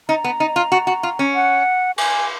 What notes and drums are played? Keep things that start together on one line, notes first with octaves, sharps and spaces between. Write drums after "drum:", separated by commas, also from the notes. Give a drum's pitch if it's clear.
D#4 A#5
B3
D#4
F4
F#4
F#4
F4
C#4
F#5
G#5, drum: cymbal